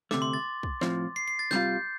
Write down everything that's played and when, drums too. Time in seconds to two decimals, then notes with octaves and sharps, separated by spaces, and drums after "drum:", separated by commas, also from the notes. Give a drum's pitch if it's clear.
0.11 D2 C3 A3 D6, drum: snare
0.22 C6
0.33 A6
0.63 drum: kick
0.81 A2 F3 C4, drum: snare
1.16 C7
1.28 C7
1.39 A6
1.51 C2 C3 G3 F4 G6, drum: snare